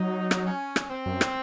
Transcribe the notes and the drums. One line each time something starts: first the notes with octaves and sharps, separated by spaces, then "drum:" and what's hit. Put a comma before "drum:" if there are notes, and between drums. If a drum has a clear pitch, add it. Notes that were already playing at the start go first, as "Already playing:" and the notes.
Already playing: F#3 D#4
drum: rim click
C#4
drum: rim click
C4
F#2
drum: rim click